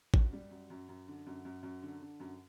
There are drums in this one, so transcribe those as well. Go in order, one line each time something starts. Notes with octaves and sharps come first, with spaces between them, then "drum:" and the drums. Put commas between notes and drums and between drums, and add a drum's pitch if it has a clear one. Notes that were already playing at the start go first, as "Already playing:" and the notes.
F#2, drum: kick A1
G3
F#2
F#2
F#2
D3
F#2
F#2
F#2
D3
D3
F#2